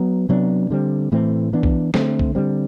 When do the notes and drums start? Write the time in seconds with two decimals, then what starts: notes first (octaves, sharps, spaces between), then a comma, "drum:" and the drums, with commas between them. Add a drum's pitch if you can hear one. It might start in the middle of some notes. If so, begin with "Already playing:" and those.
Already playing: F#3 B3
0.29 C3 F#3 B3 D4
0.70 D3 G3 C4
1.12 A2 E3 A3 C4
1.53 E3 B3 D4
1.63 drum: kick
1.94 D3 A3 C4, drum: snare
2.19 drum: kick
2.35 D3 G3 C4